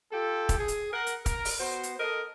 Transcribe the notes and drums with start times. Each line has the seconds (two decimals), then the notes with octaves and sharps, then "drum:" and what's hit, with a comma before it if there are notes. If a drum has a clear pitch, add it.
0.12 F4 G4 A4
0.49 drum: kick, hi-hat
0.58 G#4
0.68 drum: hi-hat
0.93 A#4 F#5
1.07 drum: hi-hat
1.26 A#4, drum: kick, hi-hat
1.45 drum: open hi-hat
1.60 B3 F#4 C5
1.83 drum: hi-hat
1.99 A4 A#4 D#5